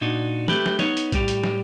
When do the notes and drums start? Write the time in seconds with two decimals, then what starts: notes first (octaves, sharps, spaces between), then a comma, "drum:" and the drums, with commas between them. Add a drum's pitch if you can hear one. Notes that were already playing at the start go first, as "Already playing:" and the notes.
0.01 A#2 D4 D#4 F#4
0.48 A3 G4 B4, drum: tom
0.66 drum: snare
0.79 B3 D#4 C#5, drum: snare
0.97 drum: hi-hat
1.12 A2 G3 G4, drum: kick A#1, hi-hat
1.28 drum: hi-hat
1.44 drum: snare